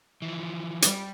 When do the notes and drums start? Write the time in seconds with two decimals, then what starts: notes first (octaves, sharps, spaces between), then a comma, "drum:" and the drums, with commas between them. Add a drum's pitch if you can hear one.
0.22 E3 F3
0.82 G3, drum: hi-hat